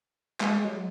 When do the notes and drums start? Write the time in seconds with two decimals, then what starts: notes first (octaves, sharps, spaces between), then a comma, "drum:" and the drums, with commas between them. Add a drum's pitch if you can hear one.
0.41 G#3, drum: clap
0.58 G#3
0.65 F#3